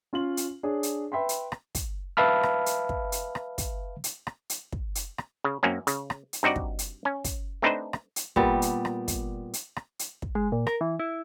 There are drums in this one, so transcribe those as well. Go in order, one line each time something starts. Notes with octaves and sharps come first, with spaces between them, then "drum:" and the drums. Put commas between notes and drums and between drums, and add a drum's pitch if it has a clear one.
C#4 F4 C6 F#7
drum: hi-hat
D4 G#4 C#5
drum: hi-hat
B4 E5 G5 B5 C6
drum: hi-hat
drum: rim click
drum: kick, hi-hat
B4 E5 F5 A5 B5 F6
drum: rim click
drum: hi-hat
drum: kick
drum: hi-hat
drum: rim click
drum: kick, hi-hat
drum: hi-hat
drum: rim click
drum: hi-hat
drum: kick
drum: hi-hat
drum: rim click
C#3
F#2 A#3 C4 C#4
C#3, drum: hi-hat
drum: rim click
drum: hi-hat
G2 C4 D#4 F#4 D5
drum: kick
drum: hi-hat
C#4
drum: kick, hi-hat
A3 C4 D4 D#4 B4 C5
drum: rim click
drum: hi-hat
A#2 G3 B3, drum: kick
drum: hi-hat
drum: rim click
drum: kick, hi-hat
drum: hi-hat
drum: rim click
drum: hi-hat
drum: kick
G#3
A#2
A#4, drum: rim click
E3
E4